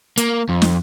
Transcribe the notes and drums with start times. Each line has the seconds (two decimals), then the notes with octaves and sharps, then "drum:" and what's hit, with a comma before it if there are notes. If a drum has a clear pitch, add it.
0.17 A#3, drum: hi-hat
0.49 F2
0.62 drum: snare